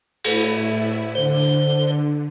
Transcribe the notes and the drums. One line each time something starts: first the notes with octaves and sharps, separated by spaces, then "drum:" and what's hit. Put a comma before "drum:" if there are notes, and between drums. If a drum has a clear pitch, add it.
A2 E4, drum: cymbal
D3 C5